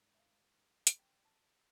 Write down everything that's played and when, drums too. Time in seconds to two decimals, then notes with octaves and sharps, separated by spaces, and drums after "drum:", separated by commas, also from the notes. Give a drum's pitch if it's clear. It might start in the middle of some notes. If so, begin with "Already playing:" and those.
Already playing: G#2 D#3
0.14 E5
0.19 F5
0.87 drum: hi-hat
0.99 G5
1.25 A5